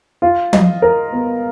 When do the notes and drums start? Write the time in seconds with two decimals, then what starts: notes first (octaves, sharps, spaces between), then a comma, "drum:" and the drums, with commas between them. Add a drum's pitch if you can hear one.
0.22 F4
0.53 D#5, drum: tom F3
0.82 A#4
1.12 B3